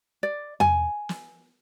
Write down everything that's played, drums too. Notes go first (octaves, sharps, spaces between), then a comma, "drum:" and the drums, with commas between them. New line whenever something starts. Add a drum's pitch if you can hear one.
D5
G#5, drum: tom E2
drum: snare